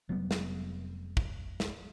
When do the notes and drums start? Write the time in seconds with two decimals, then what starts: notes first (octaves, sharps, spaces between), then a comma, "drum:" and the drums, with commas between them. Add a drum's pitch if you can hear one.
0.09 F1 F#3 G3 B3
0.31 drum: snare
1.17 drum: kick
1.60 drum: snare